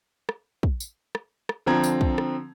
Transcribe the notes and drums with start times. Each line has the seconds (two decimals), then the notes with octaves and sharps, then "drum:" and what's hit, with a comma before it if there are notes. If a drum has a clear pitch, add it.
0.29 drum: rim click
0.63 drum: kick
0.80 drum: tambourine
1.15 drum: rim click
1.49 drum: rim click
1.66 D3 F3 C4 A#5 G#6
1.84 drum: tambourine
2.01 drum: kick
2.18 drum: rim click